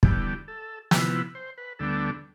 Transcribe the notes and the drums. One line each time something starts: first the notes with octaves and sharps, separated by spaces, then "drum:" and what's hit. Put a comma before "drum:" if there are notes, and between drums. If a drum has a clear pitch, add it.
E2 D3 G3 B3 G4, drum: kick
A4
C3 F3 B3 E4 B4, drum: snare
C5
B4
D2 D3 G3 B3 D4 A4